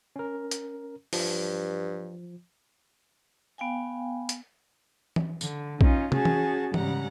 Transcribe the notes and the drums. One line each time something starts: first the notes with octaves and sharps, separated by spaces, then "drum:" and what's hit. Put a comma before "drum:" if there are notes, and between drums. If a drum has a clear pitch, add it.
C#4 A#4
drum: hi-hat
G2 F3, drum: open hi-hat
B3 F5 G5 G#5
drum: hi-hat
drum: tom E3
D3, drum: tambourine
C#4 D#4 F4, drum: kick A#1
C#4 F#4 G#4 G#5 A5, drum: tom
drum: tom E3
G#2 C#3 G3 F#5 A#5, drum: tom E3